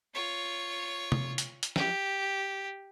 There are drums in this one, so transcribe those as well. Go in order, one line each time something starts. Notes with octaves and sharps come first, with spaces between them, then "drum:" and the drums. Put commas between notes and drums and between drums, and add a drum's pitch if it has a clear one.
F4 C#5
drum: tom C3
drum: hi-hat
drum: hi-hat
G4, drum: snare